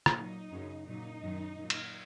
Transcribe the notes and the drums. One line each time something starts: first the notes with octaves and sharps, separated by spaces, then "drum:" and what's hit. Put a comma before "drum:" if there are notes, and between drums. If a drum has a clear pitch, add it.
drum: rim click
A#2 F#3 D#4
F#2 C#3 F#3
A#2 F#3 D#4
F#2 D#3 F#3
A#2 F#3
drum: cymbal